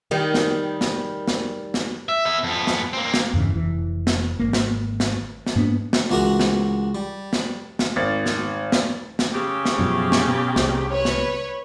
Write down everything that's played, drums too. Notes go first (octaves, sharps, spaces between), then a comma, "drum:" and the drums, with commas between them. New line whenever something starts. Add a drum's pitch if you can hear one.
D#3 G3
drum: snare
drum: snare
drum: snare
drum: snare
E5
B3 E5
F2 B3
drum: snare
A#3 C4
drum: snare
E2 G2 C#3 E3
F1 E3
drum: snare
G#1 F#2 A#3
drum: snare
drum: snare
drum: snare
G#2 A#3 B3 D4
drum: snare
C#2 E3 F#4 A#4 D6
drum: snare
G3
drum: snare
drum: snare
G#1 A6
drum: snare
drum: snare
drum: snare
C#3 G4
drum: snare
F#2 B2 F3
drum: snare
B2
C2 C3, drum: snare
B4 C#5
drum: snare